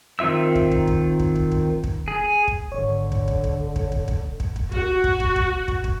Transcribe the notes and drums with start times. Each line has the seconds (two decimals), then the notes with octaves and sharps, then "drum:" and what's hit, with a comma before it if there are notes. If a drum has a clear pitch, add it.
0.19 D#3 C4 F4 E5 E6
0.55 drum: kick
0.71 drum: kick
0.88 drum: kick
1.20 drum: kick
1.36 drum: kick
1.52 drum: kick
1.84 drum: kick
2.08 G#4
2.48 drum: kick
2.72 G#1 D3 C#5
3.12 drum: kick
3.28 drum: kick
3.44 drum: kick
3.76 drum: kick
3.92 drum: kick
4.08 drum: kick
4.40 drum: kick
4.56 drum: kick
4.72 F#4, drum: kick
5.04 drum: kick
5.20 drum: kick
5.36 drum: kick
5.68 drum: kick
5.84 drum: kick